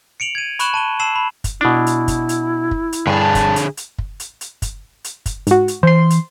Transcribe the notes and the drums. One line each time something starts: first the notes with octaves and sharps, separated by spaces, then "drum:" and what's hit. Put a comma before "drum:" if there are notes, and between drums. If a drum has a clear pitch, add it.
C#7 D7 F7 F#7
G#6 D#7
B5 C#6 F#6 E7 F#7, drum: hi-hat
A5 D#7 G7
A5 E6 C7 E7 F#7
B5
drum: kick, hi-hat
B2 D4 E4
drum: hi-hat
drum: kick, hi-hat
drum: hi-hat
drum: kick
drum: hi-hat
G2 D3 G#4 A5
drum: kick, hi-hat
drum: hi-hat
drum: hi-hat
drum: kick
drum: hi-hat
drum: hi-hat
drum: kick, hi-hat
drum: hi-hat
drum: kick, hi-hat
G#2 F#4, drum: hi-hat
drum: hi-hat
E3 C5 C6
drum: hi-hat